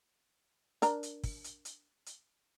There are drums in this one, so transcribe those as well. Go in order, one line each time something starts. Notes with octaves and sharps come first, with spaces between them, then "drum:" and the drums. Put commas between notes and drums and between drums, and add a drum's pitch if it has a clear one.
D4 A#4 A#5, drum: hi-hat
drum: hi-hat
drum: kick, open hi-hat
drum: hi-hat
drum: hi-hat
drum: hi-hat